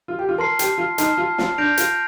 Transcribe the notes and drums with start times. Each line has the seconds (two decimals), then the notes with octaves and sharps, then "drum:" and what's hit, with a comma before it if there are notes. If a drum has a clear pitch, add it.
0.08 F4
0.19 G4
0.29 F4
0.38 A#4 A5 C6 F6 C7
0.59 G4, drum: hi-hat
0.78 F4
0.98 D#4 A5 C6 F6 C7, drum: hi-hat
1.17 F4
1.38 F4, drum: snare
1.58 D4 G6 A#6 D7 F7
1.77 F4, drum: hi-hat